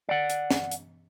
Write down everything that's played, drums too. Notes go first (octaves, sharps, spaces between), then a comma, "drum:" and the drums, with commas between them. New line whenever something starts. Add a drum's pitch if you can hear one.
D5 F#5
drum: hi-hat
drum: snare
drum: hi-hat